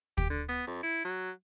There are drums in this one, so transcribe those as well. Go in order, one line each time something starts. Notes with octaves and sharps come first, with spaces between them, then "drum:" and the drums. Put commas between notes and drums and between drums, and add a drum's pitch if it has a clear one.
G4, drum: kick
D3
B3
F2
E4
F#3